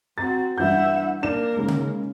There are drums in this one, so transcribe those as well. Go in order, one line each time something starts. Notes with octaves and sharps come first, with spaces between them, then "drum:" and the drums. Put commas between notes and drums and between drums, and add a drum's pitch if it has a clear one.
C4 F#4 A#5 A6
G2 E3 E5 F#5 G6
A#3 D4 A#4 E7
G#2 C#3
drum: tom C#3